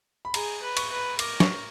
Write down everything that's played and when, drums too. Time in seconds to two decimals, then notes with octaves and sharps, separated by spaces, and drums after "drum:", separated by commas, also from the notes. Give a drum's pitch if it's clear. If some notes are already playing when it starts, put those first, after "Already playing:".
0.25 B5
0.34 G#4 A#5, drum: cymbal
0.62 B4
0.77 C#6, drum: cymbal
0.91 B4
1.19 A#4 D6, drum: cymbal
1.40 C#6, drum: snare